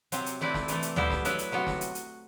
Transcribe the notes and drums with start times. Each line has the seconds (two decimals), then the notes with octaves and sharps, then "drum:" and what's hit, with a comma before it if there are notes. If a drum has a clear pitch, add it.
0.12 C3 F#3 C4, drum: hi-hat
0.26 drum: hi-hat
0.41 A3 C4 E4 B4 D5
0.54 drum: snare
0.68 C3 E3 A3, drum: hi-hat
0.82 drum: hi-hat
0.96 G3 B3 E4 G4 C5, drum: tom D2
1.11 drum: snare
1.25 F#3 B3 E4 B4, drum: hi-hat
1.39 drum: hi-hat
1.52 C3 F#3 B3 F#4
1.67 drum: snare
1.81 drum: hi-hat
1.95 drum: hi-hat